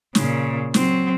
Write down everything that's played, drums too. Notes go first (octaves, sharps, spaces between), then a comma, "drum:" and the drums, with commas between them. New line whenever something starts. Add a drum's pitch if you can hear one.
A#2 C#3, drum: snare
F#3 C4, drum: snare